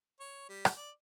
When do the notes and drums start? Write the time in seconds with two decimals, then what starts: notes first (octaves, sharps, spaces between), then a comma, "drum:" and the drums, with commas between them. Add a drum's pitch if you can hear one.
0.20 C#5
0.49 G3
0.65 drum: rim click
0.77 D5